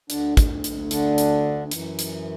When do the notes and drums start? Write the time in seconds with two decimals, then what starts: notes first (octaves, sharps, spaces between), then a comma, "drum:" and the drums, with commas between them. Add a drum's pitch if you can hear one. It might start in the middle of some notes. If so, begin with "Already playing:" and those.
0.10 D2 D3 D4, drum: hi-hat
0.37 drum: kick, hi-hat
0.64 drum: hi-hat
0.91 D3 D4, drum: hi-hat
1.18 drum: hi-hat
1.71 F#2 E3, drum: hi-hat
1.99 drum: hi-hat